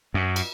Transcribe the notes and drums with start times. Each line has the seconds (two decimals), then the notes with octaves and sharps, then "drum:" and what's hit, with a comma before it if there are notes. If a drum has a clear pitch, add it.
0.14 F#2
0.36 drum: cymbal